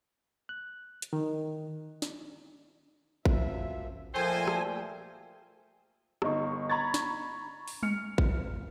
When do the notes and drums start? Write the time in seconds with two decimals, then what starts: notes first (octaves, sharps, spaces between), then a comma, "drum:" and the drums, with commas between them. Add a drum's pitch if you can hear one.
0.49 F#6
1.02 drum: hi-hat
1.13 D#3
2.02 drum: snare
3.25 F#2 F3 E5, drum: kick A1
4.15 A#2 F3 A3 A4 A#4 C5 G5 G#5
4.47 drum: rim click
6.22 G1 D#4 C#6, drum: rim click
6.70 A#5 B5 C#6 G#6 A6
6.94 drum: snare
7.68 drum: open hi-hat
7.83 F6 C#7, drum: tom G3
8.18 drum: kick A1